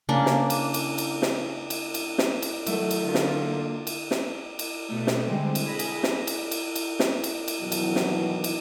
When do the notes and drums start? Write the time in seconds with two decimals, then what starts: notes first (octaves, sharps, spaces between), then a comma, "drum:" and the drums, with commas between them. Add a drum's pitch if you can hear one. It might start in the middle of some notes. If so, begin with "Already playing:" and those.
0.09 C#3 A#3 D4
0.26 drum: snare
0.50 drum: cymbal
0.74 drum: cymbal
0.98 drum: cymbal
1.22 drum: snare
1.70 drum: cymbal
1.94 drum: cymbal
2.18 drum: snare
2.42 drum: cymbal
2.67 D#3 F#3 A3, drum: cymbal
2.91 drum: cymbal
3.03 D3 F4
3.15 drum: snare
3.44 A#3
3.87 drum: cymbal
4.11 drum: snare
4.59 drum: cymbal
4.89 B2 A3
5.07 drum: snare
5.26 D3 G3 G#3 C4
5.55 drum: cymbal
5.65 G#4 B5 A#6
5.79 drum: cymbal
6.03 drum: snare
6.27 drum: cymbal
6.51 drum: cymbal
6.75 drum: cymbal
7.00 drum: snare
7.24 drum: cymbal
7.48 drum: cymbal
7.61 G2 B2 D#3 E3 F#3
7.72 drum: cymbal
7.96 drum: snare
8.44 drum: cymbal